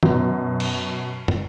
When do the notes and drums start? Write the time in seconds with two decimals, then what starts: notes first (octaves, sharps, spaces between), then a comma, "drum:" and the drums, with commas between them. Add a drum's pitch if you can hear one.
0.03 F#2 B2, drum: tom D#3
0.60 drum: cymbal
1.28 drum: tom